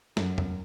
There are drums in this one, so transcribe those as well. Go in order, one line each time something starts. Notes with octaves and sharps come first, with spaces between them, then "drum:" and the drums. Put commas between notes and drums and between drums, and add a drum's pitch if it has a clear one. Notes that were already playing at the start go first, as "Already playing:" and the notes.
F#2, drum: snare
drum: tom E2